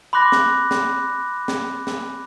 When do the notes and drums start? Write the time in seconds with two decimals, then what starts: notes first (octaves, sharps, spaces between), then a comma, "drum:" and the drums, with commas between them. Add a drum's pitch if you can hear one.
0.13 B5 C6 D6 F#6 A#6
0.32 drum: snare
0.71 drum: snare
1.48 drum: snare
1.87 drum: snare